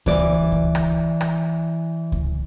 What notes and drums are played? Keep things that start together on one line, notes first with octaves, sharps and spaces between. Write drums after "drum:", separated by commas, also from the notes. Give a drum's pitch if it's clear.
E3 D5, drum: kick C#2
drum: kick C#2
drum: rim click
drum: rim click
drum: kick C#2